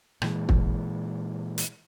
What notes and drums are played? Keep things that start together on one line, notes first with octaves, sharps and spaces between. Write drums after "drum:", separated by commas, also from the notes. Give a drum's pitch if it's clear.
A#2 E3 G#3, drum: rim click
drum: kick
drum: hi-hat